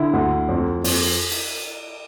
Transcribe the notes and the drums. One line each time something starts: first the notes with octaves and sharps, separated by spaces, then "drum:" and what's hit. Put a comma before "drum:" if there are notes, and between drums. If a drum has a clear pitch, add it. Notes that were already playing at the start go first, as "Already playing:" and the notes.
Already playing: D3 E4
D2
F2
F2, drum: open hi-hat
drum: cymbal